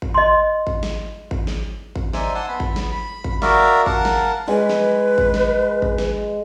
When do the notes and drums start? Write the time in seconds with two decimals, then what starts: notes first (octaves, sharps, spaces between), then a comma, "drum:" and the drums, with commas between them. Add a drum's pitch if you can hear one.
0.02 drum: kick G#1
0.14 D#5 C6
0.67 drum: kick G#1
0.83 drum: snare
1.31 drum: kick G#1
1.47 drum: snare
1.96 drum: kick G#1
2.13 D#4 C5 D5 E5 G#5, drum: snare
2.35 F#5 G#5 A5 C6 E6
2.49 B3 B5
2.60 drum: kick G#1
2.76 drum: snare
2.92 B5
3.24 drum: kick G#1
3.42 F#4 A#4 D5 E5 F5, drum: snare
3.86 A#4 F5 F#5 A5, drum: kick G#1
4.05 drum: snare
4.48 G#3 B4 G#5
4.69 drum: snare
5.18 drum: kick G#1
5.34 drum: snare
5.82 drum: kick G#1
5.98 drum: snare